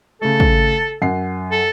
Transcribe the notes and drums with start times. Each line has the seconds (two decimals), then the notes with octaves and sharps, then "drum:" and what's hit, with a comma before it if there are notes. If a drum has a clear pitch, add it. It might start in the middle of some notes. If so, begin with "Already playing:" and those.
0.22 C#3 A3 A4
0.40 drum: kick
1.02 F#2 F#5 C7
1.51 A4